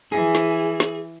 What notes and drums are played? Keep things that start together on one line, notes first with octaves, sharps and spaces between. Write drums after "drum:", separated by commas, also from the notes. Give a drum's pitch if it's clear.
E3 G#4
drum: snare
drum: snare